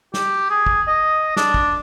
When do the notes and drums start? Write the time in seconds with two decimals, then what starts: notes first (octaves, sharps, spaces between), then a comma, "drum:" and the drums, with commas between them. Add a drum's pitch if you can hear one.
0.14 G4, drum: snare
0.50 G#4
0.66 drum: kick
0.87 D#5
1.36 D4, drum: snare
1.54 drum: kick